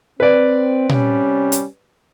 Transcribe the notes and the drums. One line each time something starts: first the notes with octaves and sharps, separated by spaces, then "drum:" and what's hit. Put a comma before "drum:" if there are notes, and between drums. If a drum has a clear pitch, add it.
C4 B4 D5
C3 G3 C#4, drum: tom A#2
drum: hi-hat